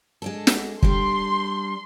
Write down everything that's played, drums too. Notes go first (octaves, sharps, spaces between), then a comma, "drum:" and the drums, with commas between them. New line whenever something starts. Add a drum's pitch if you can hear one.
G#3 D4 A4
drum: snare
G3 D4 C6, drum: kick